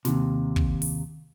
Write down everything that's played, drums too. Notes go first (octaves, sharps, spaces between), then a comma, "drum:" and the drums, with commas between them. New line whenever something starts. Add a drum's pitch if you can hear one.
D#2 C3, drum: snare
drum: kick
drum: open hi-hat